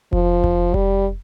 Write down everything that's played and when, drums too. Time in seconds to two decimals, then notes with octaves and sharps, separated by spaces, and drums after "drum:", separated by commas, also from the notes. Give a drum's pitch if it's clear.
0.13 F3, drum: kick F1
0.44 drum: kick F1
0.74 G3, drum: kick F1